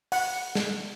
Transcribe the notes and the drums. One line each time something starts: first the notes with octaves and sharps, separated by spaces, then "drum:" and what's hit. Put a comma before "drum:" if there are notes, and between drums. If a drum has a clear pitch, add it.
F#5, drum: open hi-hat
drum: snare